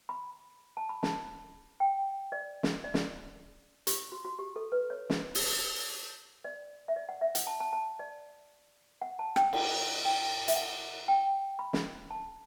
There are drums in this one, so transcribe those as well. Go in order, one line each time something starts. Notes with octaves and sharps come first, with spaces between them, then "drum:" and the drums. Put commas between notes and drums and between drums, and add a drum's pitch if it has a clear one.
B5
A5
B5
A5, drum: snare
G5
D5
drum: snare
D5
drum: snare
G4, drum: hi-hat
F#4
F#4
G4
A4
B4
C#5
drum: snare
drum: open hi-hat
D5
E5
D5
F#5
E5
F#5, drum: hi-hat
A5
A5
A5
D5
F#5
A5
G5, drum: rim click
F#5, drum: cymbal
G5
E5, drum: hi-hat
F#5
G5
B5
drum: snare
A5